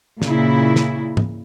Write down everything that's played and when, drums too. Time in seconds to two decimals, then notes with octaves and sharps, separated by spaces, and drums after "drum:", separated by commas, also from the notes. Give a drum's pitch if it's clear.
0.22 A#2 C#3 E4, drum: snare
0.76 drum: snare
1.17 drum: tom